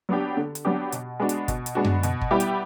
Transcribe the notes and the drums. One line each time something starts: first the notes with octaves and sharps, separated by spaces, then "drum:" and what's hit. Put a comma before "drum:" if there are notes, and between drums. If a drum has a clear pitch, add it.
F#3 B3 D4 G4
D3
drum: hi-hat
F#3 B3 D4 G4
B2, drum: hi-hat
G#3 B3 D4 F#4
drum: hi-hat
B2, drum: kick G1, hi-hat
drum: hi-hat
G#3 B3 D4 F#4
drum: tom F#2
B2, drum: hi-hat
drum: kick G1
G3 B3 E4 G4
drum: hi-hat